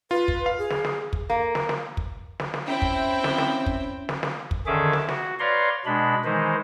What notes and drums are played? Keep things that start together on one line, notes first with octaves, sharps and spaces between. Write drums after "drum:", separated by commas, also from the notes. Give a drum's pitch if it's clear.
F4 B4
drum: kick
F5
G#4
drum: snare
drum: snare
drum: kick
A#3
drum: snare
drum: snare
drum: kick
drum: snare
drum: snare
C4 C#4 E4 G5
drum: kick
drum: snare
drum: snare
drum: kick
drum: snare
drum: snare
drum: kick
D3 D#3 C#4 G#4 E5 D6
drum: snare
F#4, drum: snare
B4 C#5 D5 F5 A#5 C6
B2 G#3 D4 B5
D#3 E3 G#3 D#4 C5